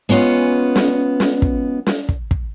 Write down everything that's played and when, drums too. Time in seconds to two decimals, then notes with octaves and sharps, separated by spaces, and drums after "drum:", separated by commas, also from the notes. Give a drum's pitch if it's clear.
0.09 G#3 B3 C#4 F4
0.76 drum: snare
1.20 drum: snare
1.42 drum: kick
1.87 drum: snare
2.09 drum: kick
2.31 drum: kick